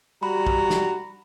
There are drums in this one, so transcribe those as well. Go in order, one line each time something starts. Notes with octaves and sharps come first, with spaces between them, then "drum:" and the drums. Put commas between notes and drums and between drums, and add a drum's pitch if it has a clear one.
G3 F#4 A#5 B5
drum: kick
drum: snare